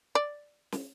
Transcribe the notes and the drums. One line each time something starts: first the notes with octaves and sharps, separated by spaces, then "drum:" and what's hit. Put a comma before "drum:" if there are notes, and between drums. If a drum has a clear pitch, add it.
D5
drum: snare